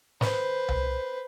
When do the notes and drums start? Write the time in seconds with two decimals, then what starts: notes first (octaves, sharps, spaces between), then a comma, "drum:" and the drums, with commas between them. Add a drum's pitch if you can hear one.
0.21 B4 C5, drum: snare
0.68 drum: tom C2